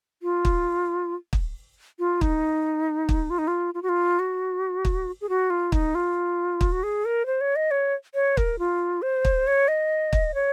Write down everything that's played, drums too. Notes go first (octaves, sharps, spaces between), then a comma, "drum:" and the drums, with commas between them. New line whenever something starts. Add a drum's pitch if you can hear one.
F4
drum: kick
drum: kick
F4
D#4, drum: kick
drum: kick
F4
D#4
F4
F4
F#4
F4
F#4
drum: kick
G#4
F#4
F4
D#4, drum: kick
F4
drum: kick
F#4
G#4
A#4
C5
C#5
D#5
C#5
C#5
A#4, drum: kick
F4
C5
drum: kick
C#5
D#5
drum: kick
C#5